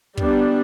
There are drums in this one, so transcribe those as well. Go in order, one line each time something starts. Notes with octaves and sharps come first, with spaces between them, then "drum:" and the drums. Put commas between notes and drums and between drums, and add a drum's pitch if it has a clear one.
G3 B3 D4, drum: kick